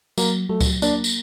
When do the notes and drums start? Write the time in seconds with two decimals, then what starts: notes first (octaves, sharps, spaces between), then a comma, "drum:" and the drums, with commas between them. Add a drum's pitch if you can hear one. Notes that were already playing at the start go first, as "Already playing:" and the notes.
0.18 F#3 A#3, drum: tambourine
0.49 F#3 A3
0.60 drum: kick C#2, tambourine
0.82 A#3 D4, drum: tambourine
1.04 drum: tambourine